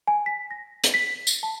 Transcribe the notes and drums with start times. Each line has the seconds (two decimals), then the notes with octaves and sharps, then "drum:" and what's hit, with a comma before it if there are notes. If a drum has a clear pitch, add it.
0.07 G#5
0.26 B6
0.51 A#6
0.84 drum: hi-hat
0.94 B6
1.27 drum: tambourine
1.43 A5